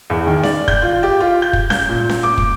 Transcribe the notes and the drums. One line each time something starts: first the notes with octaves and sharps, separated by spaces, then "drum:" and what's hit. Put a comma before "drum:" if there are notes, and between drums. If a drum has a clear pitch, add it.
E2
D#3
D5, drum: snare C#4
G6, drum: kick
F4
G4
F4
G6
drum: kick
G6, drum: snare C#4
A#2
drum: snare C#4
D6
drum: kick